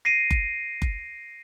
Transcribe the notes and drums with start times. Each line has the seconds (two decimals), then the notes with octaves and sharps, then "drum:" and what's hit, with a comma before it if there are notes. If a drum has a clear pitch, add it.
0.05 A#6 C7 D7 D#7
0.31 drum: kick F#1
0.82 drum: kick F#1